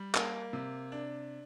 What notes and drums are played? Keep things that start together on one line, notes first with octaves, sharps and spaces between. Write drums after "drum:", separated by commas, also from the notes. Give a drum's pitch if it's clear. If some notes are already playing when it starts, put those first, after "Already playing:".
Already playing: G3
A#3, drum: clap
C3
D4